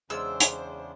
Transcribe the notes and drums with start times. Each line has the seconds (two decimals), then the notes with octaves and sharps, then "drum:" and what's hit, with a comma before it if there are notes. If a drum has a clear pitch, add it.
0.10 E2 C#3 G#3 D4 F4 G#4 C5 E6
0.40 drum: hi-hat